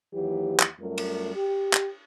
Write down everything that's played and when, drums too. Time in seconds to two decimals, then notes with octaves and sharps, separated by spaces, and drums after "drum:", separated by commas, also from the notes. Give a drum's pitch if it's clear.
0.14 D#2 E3 F#3 G4
0.60 drum: clap
0.80 F#2 G3 A3 F4 A#4
0.98 drum: cymbal
1.36 G4
1.73 drum: clap